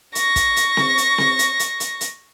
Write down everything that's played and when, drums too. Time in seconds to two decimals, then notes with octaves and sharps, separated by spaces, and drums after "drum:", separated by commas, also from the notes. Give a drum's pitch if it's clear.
0.15 C#6 A#6, drum: hi-hat
0.36 drum: kick, hi-hat
0.56 drum: hi-hat
0.77 drum: snare C4
0.98 drum: hi-hat
1.18 drum: snare C4
1.39 drum: hi-hat
1.59 drum: hi-hat
1.80 drum: hi-hat
2.01 drum: hi-hat